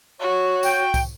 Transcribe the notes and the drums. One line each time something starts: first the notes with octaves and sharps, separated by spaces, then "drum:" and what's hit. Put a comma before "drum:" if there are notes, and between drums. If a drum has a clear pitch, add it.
F#4 C#5
G5, drum: tambourine
drum: kick C2, tambourine